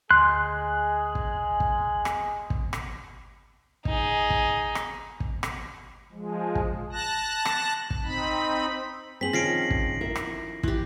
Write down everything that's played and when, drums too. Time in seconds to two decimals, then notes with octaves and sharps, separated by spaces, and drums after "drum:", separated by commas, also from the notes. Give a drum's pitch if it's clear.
0.11 D2 G#3 G#4 C6 F#6
1.15 drum: kick
1.60 drum: kick
2.05 drum: rim click
2.50 drum: kick
2.73 drum: rim click
3.85 D#4 G#4, drum: kick
4.30 drum: kick
4.75 drum: rim click
5.20 drum: kick
5.43 drum: rim click
6.12 F3 G#3
6.55 drum: kick
6.92 A5 F#6 A#6
7.45 drum: rim click
7.90 drum: kick
8.04 C4 D#4 B5
9.21 C4 G#4 C5 B6 F#7
9.33 D#3 F3 C#4 A#6 C7 D7
9.70 drum: kick
10.01 E4 A#4 E5
10.15 drum: rim click
10.63 E3 G4, drum: kick